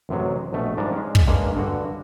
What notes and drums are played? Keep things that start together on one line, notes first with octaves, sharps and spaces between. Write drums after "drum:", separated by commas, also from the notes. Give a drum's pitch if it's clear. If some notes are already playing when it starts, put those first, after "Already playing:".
A1 F#2 C3 F#3
A#1 B2 A3
G#2 F3 G3 D4 A5 A#5
G#3 C#4
drum: kick
G2 G#3 A#3 C#4
G2 D3 F#4